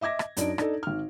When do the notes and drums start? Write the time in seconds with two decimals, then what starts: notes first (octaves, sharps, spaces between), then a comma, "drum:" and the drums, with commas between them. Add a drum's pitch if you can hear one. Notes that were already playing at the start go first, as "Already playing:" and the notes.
0.01 D#5 E5 D6 G#6 A#6
0.19 drum: rim click
0.37 F#2 D4 D#4 D7, drum: hi-hat
0.58 D4 D#4 A4, drum: rim click
0.83 G#1 F6